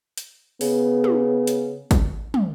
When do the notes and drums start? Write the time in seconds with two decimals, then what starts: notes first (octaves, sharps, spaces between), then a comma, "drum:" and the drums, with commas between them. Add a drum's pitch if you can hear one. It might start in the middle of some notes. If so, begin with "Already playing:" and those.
0.18 drum: hi-hat
0.61 C#3 B3, drum: open hi-hat
1.04 drum: tom
1.47 drum: hi-hat
1.91 drum: kick, hi-hat
2.34 drum: tom